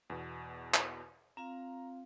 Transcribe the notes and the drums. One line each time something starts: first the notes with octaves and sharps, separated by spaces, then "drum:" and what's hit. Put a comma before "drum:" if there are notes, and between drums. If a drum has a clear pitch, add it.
E2 B2
drum: clap
C4 F4 F5 A#5